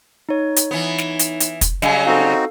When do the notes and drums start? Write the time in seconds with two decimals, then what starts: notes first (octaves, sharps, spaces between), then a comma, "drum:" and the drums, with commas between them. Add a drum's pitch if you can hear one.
0.29 D#4 C#5
0.56 drum: hi-hat
0.71 E3 B3
0.98 drum: snare
1.19 drum: hi-hat
1.40 drum: hi-hat
1.61 drum: kick, hi-hat
1.82 C#3 F#3 G3 D#5 F5 G#5, drum: snare
2.06 C4 D#4 F#4 A4 F5